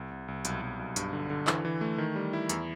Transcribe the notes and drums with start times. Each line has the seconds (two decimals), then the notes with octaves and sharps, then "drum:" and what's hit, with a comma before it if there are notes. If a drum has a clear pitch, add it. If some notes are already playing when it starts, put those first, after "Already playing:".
Already playing: C2
0.11 C2
0.28 C2
0.45 B1, drum: hi-hat
0.62 B1
0.79 B1
0.96 G2, drum: hi-hat
1.13 D3
1.30 D3
1.47 E3, drum: clap
1.65 E3
1.81 A3
1.98 D#3
2.16 G3
2.33 E4
2.49 E2, drum: hi-hat